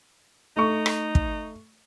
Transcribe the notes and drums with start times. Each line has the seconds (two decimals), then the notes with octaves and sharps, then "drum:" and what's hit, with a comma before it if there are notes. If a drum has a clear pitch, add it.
0.57 A3 D#4 C#6
0.86 drum: rim click
1.15 drum: kick